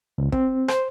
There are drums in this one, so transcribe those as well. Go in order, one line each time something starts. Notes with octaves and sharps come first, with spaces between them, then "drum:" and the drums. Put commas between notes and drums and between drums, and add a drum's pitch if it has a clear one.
C#2
C4, drum: kick
C5, drum: rim click